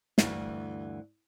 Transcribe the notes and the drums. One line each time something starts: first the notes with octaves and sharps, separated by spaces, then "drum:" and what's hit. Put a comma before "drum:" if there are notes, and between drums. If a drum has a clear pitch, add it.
D2 G2 E3, drum: snare